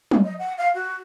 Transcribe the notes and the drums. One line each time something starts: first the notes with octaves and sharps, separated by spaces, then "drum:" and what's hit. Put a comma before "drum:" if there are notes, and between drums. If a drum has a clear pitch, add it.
drum: tom
D#5
F#5
F5
F#4